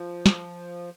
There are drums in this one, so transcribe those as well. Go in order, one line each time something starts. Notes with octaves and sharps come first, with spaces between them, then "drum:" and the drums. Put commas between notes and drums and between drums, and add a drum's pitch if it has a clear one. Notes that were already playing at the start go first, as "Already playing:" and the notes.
Already playing: F3
drum: snare